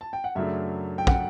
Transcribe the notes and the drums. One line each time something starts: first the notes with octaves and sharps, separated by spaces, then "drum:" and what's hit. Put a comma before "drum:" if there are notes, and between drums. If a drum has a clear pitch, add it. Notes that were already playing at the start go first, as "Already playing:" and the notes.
A5
G5
F#5
F#2 C#3 F#3 A3 D4 E5
G5
F#5, drum: kick